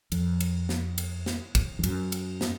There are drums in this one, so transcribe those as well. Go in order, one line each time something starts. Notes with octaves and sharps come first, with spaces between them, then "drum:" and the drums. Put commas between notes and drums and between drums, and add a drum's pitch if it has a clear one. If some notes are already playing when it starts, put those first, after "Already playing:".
F2, drum: cymbal
drum: cymbal
drum: snare
drum: cymbal
drum: snare
drum: kick, cymbal
F2
F#2, drum: cymbal
drum: cymbal
drum: snare